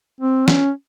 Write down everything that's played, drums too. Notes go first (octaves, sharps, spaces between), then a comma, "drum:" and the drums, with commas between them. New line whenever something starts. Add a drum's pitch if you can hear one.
C4
C#4, drum: snare